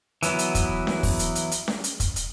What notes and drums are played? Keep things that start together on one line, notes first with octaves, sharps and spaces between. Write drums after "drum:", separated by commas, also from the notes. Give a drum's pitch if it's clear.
E3 F#3 B3 E4, drum: hi-hat
drum: hi-hat
drum: kick, hi-hat
drum: snare C#4
drum: kick, open hi-hat
drum: hi-hat
drum: hi-hat
drum: hi-hat
drum: snare C#4
drum: hi-hat
drum: kick, hi-hat
drum: hi-hat